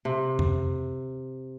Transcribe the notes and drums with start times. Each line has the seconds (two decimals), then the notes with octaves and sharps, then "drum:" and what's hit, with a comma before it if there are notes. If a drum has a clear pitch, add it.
0.05 C3
0.39 drum: tom F2